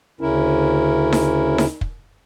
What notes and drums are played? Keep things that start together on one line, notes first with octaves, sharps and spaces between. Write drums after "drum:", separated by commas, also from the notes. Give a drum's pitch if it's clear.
D2 C#3 C#4 E4 A#4
drum: snare D#4
drum: snare D#4
drum: kick